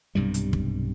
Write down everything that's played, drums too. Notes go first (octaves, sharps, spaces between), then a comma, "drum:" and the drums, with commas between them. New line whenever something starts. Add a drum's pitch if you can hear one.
B1 G2 C3 G3
drum: hi-hat
drum: kick